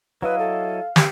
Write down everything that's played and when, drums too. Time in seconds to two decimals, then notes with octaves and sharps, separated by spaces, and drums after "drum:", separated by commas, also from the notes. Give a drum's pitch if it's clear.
0.22 F#3 E4 B4 D#5 F5
0.39 A4
0.96 G4, drum: snare